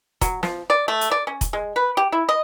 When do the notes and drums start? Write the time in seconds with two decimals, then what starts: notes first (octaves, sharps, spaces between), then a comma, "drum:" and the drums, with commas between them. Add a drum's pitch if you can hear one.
0.21 F#3, drum: kick, hi-hat
0.43 F3, drum: snare
0.70 D5
0.88 A3
1.01 drum: hi-hat
1.11 D5
1.27 C#4
1.41 drum: kick, hi-hat
1.53 G#3
1.76 B4
1.97 G4
2.12 E4
2.29 D#5